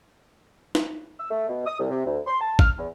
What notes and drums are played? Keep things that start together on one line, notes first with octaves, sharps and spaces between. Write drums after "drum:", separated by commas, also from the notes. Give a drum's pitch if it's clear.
drum: snare
E6
A3
B2
D#6
C2
C3
D2
C6
A5
F6, drum: kick G#1
E2